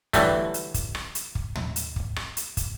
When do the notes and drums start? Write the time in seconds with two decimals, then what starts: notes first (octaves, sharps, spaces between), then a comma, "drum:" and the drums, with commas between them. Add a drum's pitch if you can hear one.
0.13 D3 E3 F#3 G3 A3, drum: kick, hi-hat
0.54 drum: hi-hat
0.74 drum: kick, hi-hat
0.95 drum: rim click
1.15 drum: hi-hat
1.35 drum: kick
1.55 drum: tom
1.76 drum: hi-hat
1.96 drum: kick
2.16 drum: rim click
2.37 drum: hi-hat
2.57 drum: kick, hi-hat